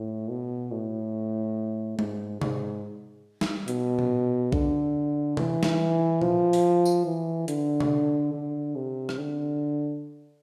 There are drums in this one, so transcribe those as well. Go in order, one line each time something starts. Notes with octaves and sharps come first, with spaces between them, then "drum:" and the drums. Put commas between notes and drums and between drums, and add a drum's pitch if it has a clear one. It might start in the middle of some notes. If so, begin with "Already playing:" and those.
Already playing: A2
B2
A2
G#2, drum: tom G#3
G#2, drum: tom C3
drum: snare
B2, drum: hi-hat
drum: tom A#2
D3, drum: kick B1
E3, drum: tom C3
drum: snare
F3, drum: tom A#2
drum: open hi-hat
drum: tambourine
E3
D3, drum: hi-hat
drum: tom C3
D3
C3
drum: rim click
D3